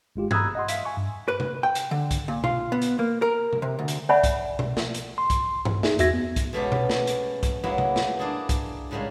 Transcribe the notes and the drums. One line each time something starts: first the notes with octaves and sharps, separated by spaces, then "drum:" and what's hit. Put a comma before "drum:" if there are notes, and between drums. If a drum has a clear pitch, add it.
G#1 G#3 F4 G4
A#5 B5 D#6 E6 F#6 G#6, drum: tom G2
D#5 F#5 C6
E5 F5 B6, drum: hi-hat
G#5 C#6
G2
B4
drum: tom C3
G5
drum: hi-hat
D3
drum: kick, hi-hat
A#2
F4, drum: tom B2
B3
drum: hi-hat
A#3
A#4
drum: tom C3
C3
D2
drum: hi-hat
C#5 D5 E5 F#5 G#5 B5
drum: kick, hi-hat
drum: tom B2
drum: snare
drum: hi-hat
C6
drum: kick, hi-hat
drum: tom G2
D#4 G#4 E5, drum: snare
E2 F#4 E5 G#6 A#6, drum: hi-hat
B3
drum: kick, hi-hat
B2 G#3 A3 B3 C#4 G4
drum: tom B2
drum: snare
drum: hi-hat
drum: kick, hi-hat
F#3 G#3 A#3 B3 E4 F#4
drum: tom C3
drum: snare
A#3 D4 E4 G#4 A4
drum: kick, hi-hat
A2 C#3 G3 G#3 A#3